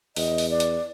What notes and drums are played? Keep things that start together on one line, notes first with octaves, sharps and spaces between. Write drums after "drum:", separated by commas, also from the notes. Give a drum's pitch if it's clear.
E2 D#5, drum: open hi-hat
drum: open hi-hat
D5
drum: hi-hat